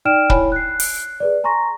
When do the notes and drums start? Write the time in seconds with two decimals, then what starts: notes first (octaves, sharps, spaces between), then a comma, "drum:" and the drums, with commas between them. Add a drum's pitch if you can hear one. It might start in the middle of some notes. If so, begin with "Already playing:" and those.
0.05 D#4 D5 G5 F6 D7 E7
0.30 E4 C#5 G#5 B5, drum: kick
0.52 F#6 C7
0.80 drum: open hi-hat
1.20 G#4 B4 D5
1.44 G#5 A#5 C6 C#6 A#6